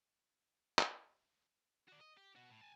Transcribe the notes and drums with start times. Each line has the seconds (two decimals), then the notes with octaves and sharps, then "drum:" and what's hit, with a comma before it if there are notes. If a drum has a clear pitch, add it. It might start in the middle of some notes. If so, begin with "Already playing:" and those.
0.79 drum: clap
1.88 F#4 D5
2.01 D#5
2.17 G4
2.36 B2 F#4
2.50 A2
2.61 G#5 A5